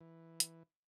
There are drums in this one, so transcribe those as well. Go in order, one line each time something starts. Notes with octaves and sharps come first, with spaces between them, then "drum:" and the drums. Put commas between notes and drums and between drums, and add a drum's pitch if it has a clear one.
E3
drum: hi-hat